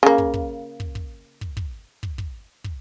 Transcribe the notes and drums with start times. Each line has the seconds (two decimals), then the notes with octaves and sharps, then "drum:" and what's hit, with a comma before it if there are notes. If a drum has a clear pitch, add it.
0.03 C#3 A#3
0.18 drum: kick
0.34 drum: kick
0.80 drum: kick
0.95 drum: kick
1.41 drum: kick
1.57 drum: kick
2.03 drum: kick
2.18 drum: kick
2.64 drum: kick